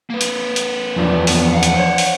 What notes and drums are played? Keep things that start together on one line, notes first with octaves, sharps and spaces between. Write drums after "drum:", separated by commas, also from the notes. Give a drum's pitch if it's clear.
A#3 B4
drum: hi-hat
drum: hi-hat
E2 F3 D4
B3, drum: open hi-hat
F5 F#5
drum: hi-hat
C5 C#5
drum: open hi-hat